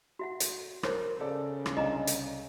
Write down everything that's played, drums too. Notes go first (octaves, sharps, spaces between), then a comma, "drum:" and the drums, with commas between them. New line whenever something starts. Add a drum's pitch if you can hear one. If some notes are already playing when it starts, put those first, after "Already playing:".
F#4 E5 F#5
drum: hi-hat
A#4 C5 C#5, drum: rim click
C#3 A4 D5
drum: rim click
C2 D4 D5 D#5 G#5 A#5
drum: hi-hat